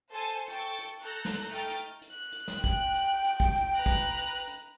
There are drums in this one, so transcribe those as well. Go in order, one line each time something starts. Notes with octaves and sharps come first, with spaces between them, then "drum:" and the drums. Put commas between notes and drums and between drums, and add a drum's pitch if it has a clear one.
A4 C5 G#5 A5
A4 G5 C#6 A6, drum: hi-hat
drum: hi-hat
A4 A#5 F#6 G6 A#6
drum: snare
A3 D#4 G5 F6 A6
drum: hi-hat
drum: hi-hat
F#6
drum: hi-hat
drum: snare
G5, drum: kick, hi-hat
drum: hi-hat
drum: hi-hat
drum: kick
drum: hi-hat
B4 A#5 F#6
drum: kick, hi-hat
drum: hi-hat
drum: hi-hat